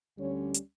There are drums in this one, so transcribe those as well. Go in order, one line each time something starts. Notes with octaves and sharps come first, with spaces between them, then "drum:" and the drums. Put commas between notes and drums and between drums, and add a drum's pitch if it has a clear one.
D2 D3 G3 C#4 C#5
drum: hi-hat